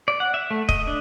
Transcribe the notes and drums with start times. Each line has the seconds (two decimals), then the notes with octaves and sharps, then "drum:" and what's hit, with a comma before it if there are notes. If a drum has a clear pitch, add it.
0.08 D5
0.20 F#5
0.34 E5
0.51 A3
0.69 D#5, drum: kick
0.87 D4